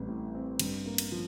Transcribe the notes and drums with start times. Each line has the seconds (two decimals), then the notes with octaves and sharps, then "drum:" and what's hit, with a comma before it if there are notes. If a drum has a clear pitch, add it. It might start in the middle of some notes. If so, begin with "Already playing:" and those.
Already playing: A1 G3 C4
0.08 A2
0.35 C4
0.59 G2, drum: cymbal
0.86 A#3
0.98 drum: cymbal
1.12 F3